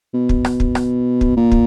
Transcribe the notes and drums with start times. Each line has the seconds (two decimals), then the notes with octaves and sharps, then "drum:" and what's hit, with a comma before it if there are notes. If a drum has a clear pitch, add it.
0.14 B2
0.29 drum: kick
0.45 drum: rim click
0.60 drum: kick
0.75 drum: rim click
1.21 drum: kick
1.37 A#2
1.52 drum: kick